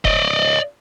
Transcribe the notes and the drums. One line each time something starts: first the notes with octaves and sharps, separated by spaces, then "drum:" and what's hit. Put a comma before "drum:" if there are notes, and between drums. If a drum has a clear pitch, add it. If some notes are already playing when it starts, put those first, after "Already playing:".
D5 D#5, drum: kick F1